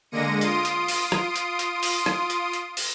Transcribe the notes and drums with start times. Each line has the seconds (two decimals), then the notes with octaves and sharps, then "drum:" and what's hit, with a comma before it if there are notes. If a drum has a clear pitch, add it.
0.11 D3 G#3 A#3 A#6 C#7 D#7
0.41 F4 C6 D#6 D7, drum: hi-hat
0.65 drum: hi-hat
0.88 drum: open hi-hat
1.12 drum: rim click
1.36 drum: hi-hat
1.59 drum: hi-hat
1.83 drum: open hi-hat
2.06 drum: rim click
2.30 drum: hi-hat
2.53 drum: hi-hat
2.77 drum: open hi-hat